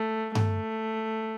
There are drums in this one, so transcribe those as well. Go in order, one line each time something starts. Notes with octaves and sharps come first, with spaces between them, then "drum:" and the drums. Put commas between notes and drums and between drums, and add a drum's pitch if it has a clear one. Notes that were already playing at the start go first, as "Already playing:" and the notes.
Already playing: A3
A3, drum: tom G2